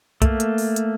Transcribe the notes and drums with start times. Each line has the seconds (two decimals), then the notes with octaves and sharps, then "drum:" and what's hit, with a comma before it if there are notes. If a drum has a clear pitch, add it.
0.22 A3 A#3, drum: kick, hi-hat
0.40 drum: hi-hat
0.58 drum: open hi-hat
0.76 drum: hi-hat